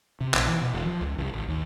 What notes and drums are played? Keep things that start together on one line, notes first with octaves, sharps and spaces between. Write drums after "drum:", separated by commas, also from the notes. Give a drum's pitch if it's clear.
C3
A#1, drum: clap
E3
B2
D#1
F3
C#2
C2
G#1
D#2